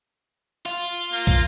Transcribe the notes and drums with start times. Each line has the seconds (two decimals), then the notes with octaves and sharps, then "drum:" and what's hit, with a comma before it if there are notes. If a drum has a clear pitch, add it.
0.66 F4
1.13 A#3
1.27 drum: kick